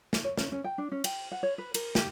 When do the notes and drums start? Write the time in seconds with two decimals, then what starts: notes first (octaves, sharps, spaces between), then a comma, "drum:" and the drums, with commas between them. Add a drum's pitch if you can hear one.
0.13 drum: snare
0.24 C#5
0.38 C#4, drum: snare
0.52 C#4
0.64 G5
0.78 D4
0.92 C#4
1.04 G5, drum: cymbal
1.32 F#5
1.43 C#5
1.58 B4
1.74 A#4, drum: cymbal
1.95 G4, drum: snare